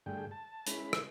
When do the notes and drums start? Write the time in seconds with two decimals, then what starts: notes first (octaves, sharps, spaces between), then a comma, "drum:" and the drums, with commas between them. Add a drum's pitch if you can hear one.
0.06 G2 D3 A3 G#4 G5
0.31 A5
0.67 G#3 C#4 E4 B5, drum: hi-hat
0.93 drum: rim click